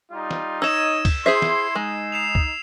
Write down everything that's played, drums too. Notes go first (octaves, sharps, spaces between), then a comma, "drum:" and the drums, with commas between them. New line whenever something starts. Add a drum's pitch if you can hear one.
G3 D#4 F4
drum: snare
D#4 C#5 D#5 A#5 E6 G#6 E7
drum: kick, cymbal
E4 G#4 C5 E5 C6 C7
drum: snare
G#3 D#4
C7 E7 F7
drum: kick